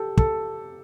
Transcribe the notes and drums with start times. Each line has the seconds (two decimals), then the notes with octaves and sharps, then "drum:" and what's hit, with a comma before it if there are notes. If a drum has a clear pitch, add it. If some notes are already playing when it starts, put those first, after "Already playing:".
Already playing: G4 A4
0.17 A4, drum: kick